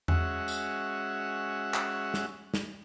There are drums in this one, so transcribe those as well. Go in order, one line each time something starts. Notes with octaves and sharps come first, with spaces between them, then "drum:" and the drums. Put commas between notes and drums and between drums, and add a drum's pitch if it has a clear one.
G#3 C#4 F#4 E5 F#5, drum: tom E2
drum: tambourine
drum: clap
drum: snare
drum: snare